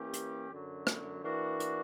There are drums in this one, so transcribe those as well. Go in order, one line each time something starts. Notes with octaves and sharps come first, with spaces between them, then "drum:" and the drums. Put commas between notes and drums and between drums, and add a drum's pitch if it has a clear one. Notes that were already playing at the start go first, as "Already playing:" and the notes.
Already playing: E3 A#3 C#4 G4
drum: hi-hat
F#2 D3 F#3
drum: rim click
E3 A#3 D4 F#4
drum: hi-hat